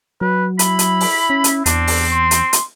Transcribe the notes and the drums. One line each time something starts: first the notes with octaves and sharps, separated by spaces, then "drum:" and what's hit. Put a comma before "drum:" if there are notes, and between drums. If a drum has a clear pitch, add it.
F#3 B4
E4 B5, drum: hi-hat
drum: hi-hat
drum: open hi-hat
C#4
drum: hi-hat
E2 C4 D4, drum: hi-hat
drum: open hi-hat
C6
drum: hi-hat
drum: hi-hat